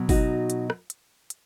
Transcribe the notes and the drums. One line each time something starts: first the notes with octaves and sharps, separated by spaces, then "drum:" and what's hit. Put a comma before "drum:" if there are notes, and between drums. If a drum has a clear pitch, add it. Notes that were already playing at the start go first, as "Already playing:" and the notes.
Already playing: B2 F#3
D#4 F#4, drum: kick F#1, open hi-hat
drum: hi-hat
drum: rim click
drum: hi-hat
drum: hi-hat